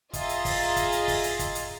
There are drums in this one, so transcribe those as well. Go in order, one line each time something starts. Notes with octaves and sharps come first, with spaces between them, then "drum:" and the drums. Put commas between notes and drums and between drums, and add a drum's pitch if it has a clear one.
F4 G#4 D#5 E5 A#5 A6, drum: kick, hi-hat
drum: hi-hat
drum: kick, open hi-hat
drum: kick, hi-hat
drum: hi-hat
drum: kick, open hi-hat
drum: hi-hat
drum: kick, hi-hat
drum: hi-hat